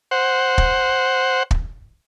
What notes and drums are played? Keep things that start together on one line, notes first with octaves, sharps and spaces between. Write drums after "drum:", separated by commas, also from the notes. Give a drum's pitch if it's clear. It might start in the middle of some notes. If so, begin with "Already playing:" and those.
C5 F#5
drum: kick
drum: kick